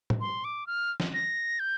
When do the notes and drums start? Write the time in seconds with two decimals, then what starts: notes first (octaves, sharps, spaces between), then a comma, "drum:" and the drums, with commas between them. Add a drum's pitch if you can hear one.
0.10 drum: tom
0.21 C6
0.44 D6
0.67 F6
1.00 drum: snare
1.14 A#6
1.60 G6